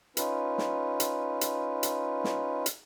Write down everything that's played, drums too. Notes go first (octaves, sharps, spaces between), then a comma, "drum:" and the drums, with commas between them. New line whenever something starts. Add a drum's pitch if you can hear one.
C#4 D#4 F4 B4, drum: hi-hat
drum: snare
drum: hi-hat
drum: hi-hat
drum: hi-hat
drum: snare
drum: hi-hat